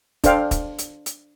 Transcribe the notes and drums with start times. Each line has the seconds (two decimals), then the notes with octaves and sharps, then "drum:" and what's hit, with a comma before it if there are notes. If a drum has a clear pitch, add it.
0.24 D4 A4 C5 F5 G5, drum: kick, hi-hat
0.51 drum: kick, hi-hat
0.79 drum: hi-hat
1.06 drum: hi-hat